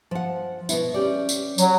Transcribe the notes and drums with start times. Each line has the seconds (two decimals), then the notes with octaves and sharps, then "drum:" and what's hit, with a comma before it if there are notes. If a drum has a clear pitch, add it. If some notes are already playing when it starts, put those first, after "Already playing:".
0.11 F3 F#5
0.69 B2 B3 E4, drum: tambourine
0.94 C#4 G4 D5
1.29 drum: tambourine
1.58 F#3, drum: tambourine